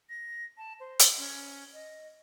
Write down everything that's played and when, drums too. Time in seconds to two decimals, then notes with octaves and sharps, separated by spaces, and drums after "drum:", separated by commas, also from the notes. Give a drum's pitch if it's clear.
0.10 A#6
0.58 A5
0.80 C5
0.99 drum: hi-hat
1.17 C#4
1.73 D#5